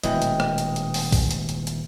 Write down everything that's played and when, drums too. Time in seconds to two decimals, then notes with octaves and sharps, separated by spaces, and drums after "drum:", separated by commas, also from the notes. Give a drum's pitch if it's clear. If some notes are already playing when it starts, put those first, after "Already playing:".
0.03 D#1 B2 E3 G#3 D#5 G5, drum: hi-hat
0.22 drum: hi-hat
0.40 drum: rim click
0.58 drum: hi-hat
0.76 drum: hi-hat
0.94 drum: open hi-hat
1.12 drum: kick A#1, open hi-hat
1.31 drum: hi-hat
1.49 drum: hi-hat
1.67 drum: hi-hat